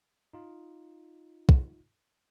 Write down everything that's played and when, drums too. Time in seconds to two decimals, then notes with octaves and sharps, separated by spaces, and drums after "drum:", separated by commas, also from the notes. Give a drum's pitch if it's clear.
0.33 D#4 F4
1.49 drum: kick